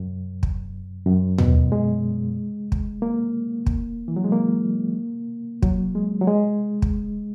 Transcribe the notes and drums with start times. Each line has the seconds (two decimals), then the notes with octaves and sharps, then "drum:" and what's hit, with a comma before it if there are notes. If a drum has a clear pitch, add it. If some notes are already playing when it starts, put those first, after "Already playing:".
Already playing: F#2
0.43 drum: kick
1.06 F#2
1.38 B2, drum: tom
1.72 G#3
2.72 drum: kick
3.02 A#3
3.66 drum: kick
4.08 E3
4.16 F#3
4.24 G#3
4.32 A#3
5.62 F#3, drum: kick
5.95 G#3
6.21 F#3
6.28 G#3
6.82 drum: kick